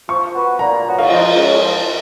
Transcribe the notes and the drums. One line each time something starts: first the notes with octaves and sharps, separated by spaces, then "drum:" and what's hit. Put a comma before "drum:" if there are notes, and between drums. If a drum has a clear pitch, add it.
F3 C#6
B3 F#4 B4
A#2 A#5
F#3 B3 F#4
F5, drum: cymbal
F3 D#5
G#3 C#4
F3